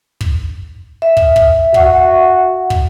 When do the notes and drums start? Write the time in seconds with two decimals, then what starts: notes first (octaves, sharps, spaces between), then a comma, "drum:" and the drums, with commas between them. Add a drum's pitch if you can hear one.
0.21 drum: kick
1.02 E5
1.17 drum: kick
1.36 drum: kick
1.74 F#4, drum: kick
2.70 drum: kick